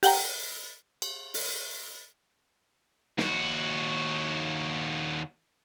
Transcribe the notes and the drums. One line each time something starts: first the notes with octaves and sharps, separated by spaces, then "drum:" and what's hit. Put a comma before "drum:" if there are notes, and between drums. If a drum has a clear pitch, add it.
G4 F#5 G5 A#5, drum: open hi-hat
drum: cymbal
drum: open hi-hat
D#2 F#4, drum: snare